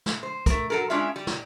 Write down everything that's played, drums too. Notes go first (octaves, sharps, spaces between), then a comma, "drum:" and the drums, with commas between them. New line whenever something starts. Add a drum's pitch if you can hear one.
drum: snare
C5
A3 A#4, drum: kick, hi-hat
F#3 A4 A#4
G#3 C#4 D4 F4 E5
G3
drum: snare